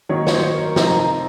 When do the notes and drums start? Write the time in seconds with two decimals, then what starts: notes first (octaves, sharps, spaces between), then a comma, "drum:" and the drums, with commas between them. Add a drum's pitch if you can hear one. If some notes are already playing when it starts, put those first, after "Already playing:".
0.09 D#3 F#3 A#3 D#4 C#5
0.27 C#5, drum: snare
0.34 C5
0.43 C#5
0.54 A#4
0.65 A#4
0.76 C3 F3 C4 D#4 C5, drum: snare
0.87 A#5
0.99 A#5